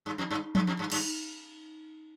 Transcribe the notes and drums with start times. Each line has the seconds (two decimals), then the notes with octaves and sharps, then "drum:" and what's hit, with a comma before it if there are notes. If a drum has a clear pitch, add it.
0.06 G2
0.18 F2
0.31 G2
0.55 G2, drum: tom F3
0.67 F2
0.79 G2
0.92 G2, drum: cymbal